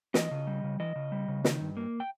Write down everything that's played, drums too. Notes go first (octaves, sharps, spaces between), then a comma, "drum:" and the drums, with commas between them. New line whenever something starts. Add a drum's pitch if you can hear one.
E3 D#5, drum: snare
C#3
G3
C#3
E3 D#5
C#3
G3
C#3
D#3, drum: snare
G2
A#3
G5